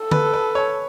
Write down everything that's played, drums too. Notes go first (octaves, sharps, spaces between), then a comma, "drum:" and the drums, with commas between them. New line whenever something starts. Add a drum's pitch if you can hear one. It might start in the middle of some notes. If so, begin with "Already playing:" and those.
Already playing: A4
B4, drum: tom
B4
C#5